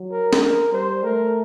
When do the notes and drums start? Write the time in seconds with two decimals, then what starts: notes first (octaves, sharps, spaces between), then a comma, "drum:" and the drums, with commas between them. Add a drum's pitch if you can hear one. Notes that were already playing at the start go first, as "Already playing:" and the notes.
Already playing: F#3
0.12 A#4
0.33 drum: snare
0.42 A#4
0.72 G3 C5
1.03 A3 A#4